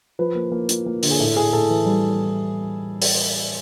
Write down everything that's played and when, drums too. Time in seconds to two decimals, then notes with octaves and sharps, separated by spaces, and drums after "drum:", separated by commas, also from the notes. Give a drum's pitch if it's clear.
0.19 F3 B4
0.35 A#3
0.52 A#3
0.69 F3, drum: hi-hat
0.86 A#3
1.03 D3, drum: open hi-hat
1.11 G#4
1.19 A2 A4
1.36 A2 G#4
1.53 A2 A4
1.70 E3
1.86 G3
3.02 drum: open hi-hat